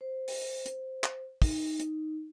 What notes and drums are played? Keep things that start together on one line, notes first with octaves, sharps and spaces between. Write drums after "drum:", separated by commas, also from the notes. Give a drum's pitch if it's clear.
C5
drum: open hi-hat
drum: hi-hat
drum: clap
D#4, drum: kick, open hi-hat
drum: hi-hat